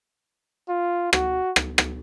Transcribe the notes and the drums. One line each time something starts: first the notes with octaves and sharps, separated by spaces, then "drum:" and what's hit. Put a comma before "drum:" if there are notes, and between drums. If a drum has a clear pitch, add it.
F4
F#4, drum: rim click
drum: rim click
drum: rim click